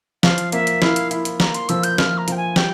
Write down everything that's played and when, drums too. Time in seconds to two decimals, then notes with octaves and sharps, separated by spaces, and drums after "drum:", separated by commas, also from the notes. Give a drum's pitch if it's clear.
0.23 F3 F5, drum: snare
0.38 drum: hi-hat
0.52 A#3 E5, drum: hi-hat
0.67 drum: hi-hat
0.82 E4 F5, drum: snare
0.96 drum: hi-hat
1.11 E4, drum: hi-hat
1.25 drum: hi-hat
1.40 A#3 A#5, drum: snare
1.54 C6, drum: hi-hat
1.69 F3 E6, drum: hi-hat
1.83 G6, drum: hi-hat
1.98 F3 F6, drum: snare
2.18 A#5
2.28 F3 G5, drum: hi-hat
2.37 G#5
2.56 G3 G5, drum: snare